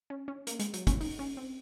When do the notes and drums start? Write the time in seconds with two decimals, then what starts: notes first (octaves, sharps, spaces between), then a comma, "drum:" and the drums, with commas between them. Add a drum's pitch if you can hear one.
0.10 C#4
0.28 C#4
0.47 A#3, drum: hi-hat
0.59 G#3, drum: hi-hat
0.74 F#3, drum: hi-hat
0.87 C#4, drum: kick, hi-hat
1.01 D#4, drum: open hi-hat
1.19 C#4
1.37 C4